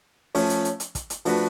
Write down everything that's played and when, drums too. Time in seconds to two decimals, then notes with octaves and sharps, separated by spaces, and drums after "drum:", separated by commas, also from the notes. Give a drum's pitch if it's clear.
0.35 F3 A3 C#4, drum: open hi-hat
0.50 drum: hi-hat
0.65 drum: hi-hat
0.80 drum: hi-hat
0.95 drum: kick, hi-hat
1.10 drum: hi-hat
1.25 F3 A3 D4 F#4 B4, drum: open hi-hat